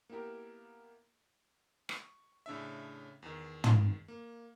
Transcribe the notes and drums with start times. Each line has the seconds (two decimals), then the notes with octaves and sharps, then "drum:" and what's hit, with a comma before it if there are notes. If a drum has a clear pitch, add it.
0.10 A#3 B3 E4 G4 A#4
1.89 C#6, drum: rim click
2.46 A2 C#3 D4 E5
3.22 E2 D#3
3.64 drum: tom
4.08 A#3